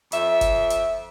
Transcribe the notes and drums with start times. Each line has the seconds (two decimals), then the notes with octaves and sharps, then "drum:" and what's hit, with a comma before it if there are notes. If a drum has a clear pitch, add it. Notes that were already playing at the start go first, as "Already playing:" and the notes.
0.12 F2 E5, drum: hi-hat
0.41 drum: kick, hi-hat
0.70 drum: hi-hat